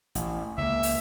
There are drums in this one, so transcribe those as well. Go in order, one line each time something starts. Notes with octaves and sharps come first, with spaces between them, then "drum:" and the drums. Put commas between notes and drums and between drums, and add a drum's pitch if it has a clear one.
A1, drum: hi-hat
C#2 A#3 E5
drum: open hi-hat